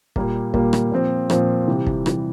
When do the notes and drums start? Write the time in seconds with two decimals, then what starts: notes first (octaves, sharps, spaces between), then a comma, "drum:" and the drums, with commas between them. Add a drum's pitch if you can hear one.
0.16 A#2 G3 A#3, drum: kick
0.54 A#2 G3 A#3, drum: kick
0.73 drum: rim click
0.92 A#2 F3 C4
1.30 A#2 F3 C4, drum: rim click
1.68 C3 E3 G3
1.87 drum: kick
2.06 C3 E3 G3, drum: rim click